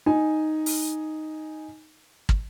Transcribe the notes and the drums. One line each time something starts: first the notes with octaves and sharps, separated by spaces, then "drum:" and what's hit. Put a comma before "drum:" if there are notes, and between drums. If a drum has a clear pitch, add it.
D#4 G#5
drum: open hi-hat
drum: kick